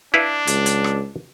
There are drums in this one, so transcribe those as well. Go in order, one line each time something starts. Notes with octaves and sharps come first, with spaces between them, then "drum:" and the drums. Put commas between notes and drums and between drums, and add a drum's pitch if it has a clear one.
D4 E4 B4 F5
C#2, drum: hi-hat
drum: hi-hat
drum: rim click